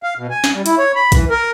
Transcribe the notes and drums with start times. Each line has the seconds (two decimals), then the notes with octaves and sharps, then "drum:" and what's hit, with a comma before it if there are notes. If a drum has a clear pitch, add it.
0.03 F5
0.18 B2
0.30 G#5
0.44 drum: snare
0.54 G3
0.66 E4, drum: hi-hat
0.78 C#5
0.96 B5
1.12 E3, drum: kick, hi-hat
1.30 A#4